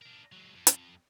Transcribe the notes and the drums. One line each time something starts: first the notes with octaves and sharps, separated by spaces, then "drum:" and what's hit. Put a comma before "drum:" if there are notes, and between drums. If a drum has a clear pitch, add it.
D4 A#4
F#3 G#3
F2
drum: hi-hat